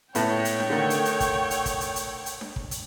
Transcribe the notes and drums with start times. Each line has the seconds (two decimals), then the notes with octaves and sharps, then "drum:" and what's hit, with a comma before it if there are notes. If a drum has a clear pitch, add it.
0.15 A2 B3 C#5 G5, drum: hi-hat
0.45 drum: hi-hat
0.60 drum: snare D4
0.70 D3 D#3 A3
0.90 drum: hi-hat
1.05 drum: hi-hat
1.20 drum: kick, hi-hat
1.51 drum: hi-hat
1.66 drum: kick, hi-hat
1.81 drum: hi-hat
1.96 drum: hi-hat
2.26 drum: hi-hat
2.41 drum: snare D4
2.56 drum: kick
2.71 drum: hi-hat